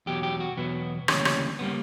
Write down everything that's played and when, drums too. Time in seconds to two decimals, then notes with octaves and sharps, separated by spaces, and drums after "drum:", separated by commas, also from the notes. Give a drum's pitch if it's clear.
0.06 E2 B2 F#3 G4
0.23 G4
0.40 F#4
0.57 E2 B2 F#3 B3
1.08 D2 C#3 E3 G3 A#3 C#4, drum: rim click
1.25 drum: rim click
1.59 C#3 E3 G3 A#3 B3